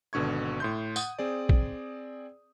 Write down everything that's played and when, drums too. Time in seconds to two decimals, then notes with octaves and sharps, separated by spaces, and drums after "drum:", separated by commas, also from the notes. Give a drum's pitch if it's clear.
0.13 G#1 B2 D3 C#6 G#6
0.60 A2 C6 G6
0.96 F#5 D#6, drum: tambourine
1.19 C4 G#4 D5
1.49 drum: kick